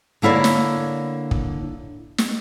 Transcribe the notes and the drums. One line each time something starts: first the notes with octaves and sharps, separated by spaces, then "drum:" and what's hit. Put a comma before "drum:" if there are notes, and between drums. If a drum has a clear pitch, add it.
D3 A#3 E4 C#5 D5
drum: snare
drum: kick
drum: snare